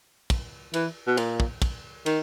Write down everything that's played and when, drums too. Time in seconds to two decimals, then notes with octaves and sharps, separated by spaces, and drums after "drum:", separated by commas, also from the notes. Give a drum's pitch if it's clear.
0.30 drum: kick, cymbal
0.74 E3, drum: cymbal
1.07 B2
1.17 A#2, drum: cymbal
1.40 drum: kick
1.62 drum: kick, cymbal
2.06 D#3, drum: cymbal